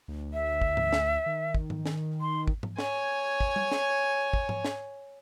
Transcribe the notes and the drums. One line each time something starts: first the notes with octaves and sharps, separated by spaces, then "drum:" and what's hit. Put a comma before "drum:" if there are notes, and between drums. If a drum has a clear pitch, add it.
D2
E5
drum: kick
drum: tom G#2
drum: snare
D#3
drum: kick
drum: tom G#2
drum: snare
C6
drum: kick
drum: tom G#2
C#5 G#5, drum: snare
drum: kick
drum: tom G3
drum: snare
drum: kick
drum: tom G#2
drum: snare